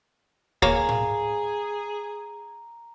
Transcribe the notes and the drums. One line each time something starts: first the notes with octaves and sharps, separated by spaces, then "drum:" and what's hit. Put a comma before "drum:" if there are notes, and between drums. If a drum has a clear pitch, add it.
A#3 G#4 C#5 F5 A#5, drum: kick D2
drum: tom A2